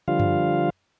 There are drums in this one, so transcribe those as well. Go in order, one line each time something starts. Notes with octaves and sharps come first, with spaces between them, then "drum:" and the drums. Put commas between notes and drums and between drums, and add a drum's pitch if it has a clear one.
D3 F3 G3 F4 F5
drum: tom F#2